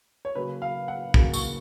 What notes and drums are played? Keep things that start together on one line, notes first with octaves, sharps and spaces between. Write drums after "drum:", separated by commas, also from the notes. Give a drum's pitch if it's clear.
C#5
C#3 F#3 A#3 B4
F5
F#5
C#3 F#3 A#3, drum: kick
C#6, drum: tambourine